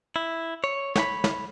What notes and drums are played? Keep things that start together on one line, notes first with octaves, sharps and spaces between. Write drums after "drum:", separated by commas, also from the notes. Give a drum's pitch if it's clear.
E4
C#5
C#5 G5 B5, drum: snare
drum: snare